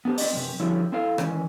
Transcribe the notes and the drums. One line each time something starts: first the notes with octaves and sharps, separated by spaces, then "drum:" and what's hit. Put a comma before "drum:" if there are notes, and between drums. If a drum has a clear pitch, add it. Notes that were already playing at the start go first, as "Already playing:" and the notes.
B3 D4 G4 C5
C4 D5 D#5, drum: open hi-hat
F#2 C3
D3 F3 G3 C#4 E4 F#4
C4 E4 A4 F5
D#3 E3 G#3 C#4, drum: rim click